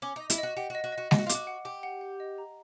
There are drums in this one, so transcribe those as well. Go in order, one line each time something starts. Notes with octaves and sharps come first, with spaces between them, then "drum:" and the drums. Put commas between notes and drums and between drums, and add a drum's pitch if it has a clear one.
C#4 D6
D#4 D#5
E4, drum: hi-hat
F#4 D#5
G4 F#5
F#4
D#5
F#4
D#5
F#4
G4 D#5, drum: snare G#3
F#4
F4
F#4 D6, drum: hi-hat
F#5
G4 D6
F#5
F#5
D#5
A#5